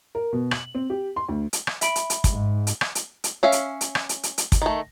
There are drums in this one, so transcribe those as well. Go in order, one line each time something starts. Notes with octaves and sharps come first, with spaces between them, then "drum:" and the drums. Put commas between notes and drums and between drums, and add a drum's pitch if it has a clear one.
A#4
B2
F#7, drum: rim click
C4
G4
C6
D2
drum: hi-hat
drum: rim click
E5 B5 D7, drum: hi-hat
drum: hi-hat
drum: hi-hat
drum: kick, hi-hat
G#2
drum: hi-hat
drum: rim click
drum: hi-hat
drum: hi-hat
C#4 E5 F5
drum: hi-hat
drum: hi-hat
drum: rim click
drum: hi-hat
drum: hi-hat
drum: hi-hat
drum: kick, hi-hat
D#3 A3